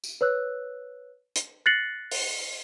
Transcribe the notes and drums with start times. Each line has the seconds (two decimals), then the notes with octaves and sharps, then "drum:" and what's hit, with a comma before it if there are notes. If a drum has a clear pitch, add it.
0.04 drum: tambourine
0.21 B4 C#5 E6 F#6
1.36 drum: hi-hat
1.66 F#6 A6 A#6 C7 C#7 F#7
2.11 drum: open hi-hat